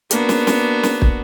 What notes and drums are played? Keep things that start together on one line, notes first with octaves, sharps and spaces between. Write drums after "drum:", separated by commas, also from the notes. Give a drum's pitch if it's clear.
A#3 B3 D4 F#4, drum: hi-hat
drum: snare
drum: snare
drum: snare
drum: kick